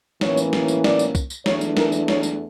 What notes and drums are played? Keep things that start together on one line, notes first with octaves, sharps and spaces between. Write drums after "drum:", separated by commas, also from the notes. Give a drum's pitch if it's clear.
A2 E3 A#3 C#4 C#5, drum: snare
drum: tambourine
drum: snare
drum: tambourine
D5, drum: snare
drum: tambourine
drum: kick, tambourine
drum: tambourine
E2 E3 A3 D4 C#5, drum: snare
drum: tambourine
A#4, drum: snare
drum: tambourine
C#5, drum: snare
drum: tambourine